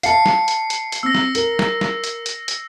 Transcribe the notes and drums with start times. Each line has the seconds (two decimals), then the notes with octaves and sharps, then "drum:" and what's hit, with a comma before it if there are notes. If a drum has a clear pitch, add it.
0.03 F5 A5 C7 C#7, drum: hi-hat
0.26 drum: snare
0.48 drum: hi-hat
0.70 drum: hi-hat
0.92 drum: hi-hat
1.03 C4 E6 A#6
1.15 drum: snare
1.35 A#4, drum: hi-hat
1.59 drum: snare
1.81 drum: snare
2.04 drum: hi-hat
2.26 drum: hi-hat
2.48 drum: hi-hat